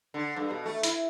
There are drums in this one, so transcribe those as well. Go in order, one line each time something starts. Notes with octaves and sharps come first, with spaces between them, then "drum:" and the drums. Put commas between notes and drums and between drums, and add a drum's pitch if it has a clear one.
D3
G2
B2
A3
E4, drum: hi-hat